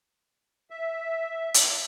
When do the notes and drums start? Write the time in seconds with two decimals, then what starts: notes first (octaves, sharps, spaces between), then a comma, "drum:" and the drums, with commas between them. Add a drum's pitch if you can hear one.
0.70 E5
1.54 drum: hi-hat